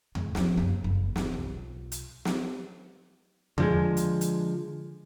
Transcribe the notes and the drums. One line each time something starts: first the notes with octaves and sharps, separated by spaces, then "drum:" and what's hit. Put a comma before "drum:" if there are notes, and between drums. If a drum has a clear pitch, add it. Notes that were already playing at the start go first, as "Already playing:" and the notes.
G#3, drum: tom E2
F3 C#4, drum: snare
F#2 A#3
F#1
E2, drum: snare
B1 F4
drum: hi-hat
drum: snare
D3 F3 G#3, drum: tom E2
drum: hi-hat
drum: hi-hat